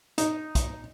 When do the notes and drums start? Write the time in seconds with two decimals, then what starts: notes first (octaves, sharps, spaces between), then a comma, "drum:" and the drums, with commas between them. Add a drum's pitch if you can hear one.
0.18 D#4, drum: hi-hat
0.55 drum: kick, hi-hat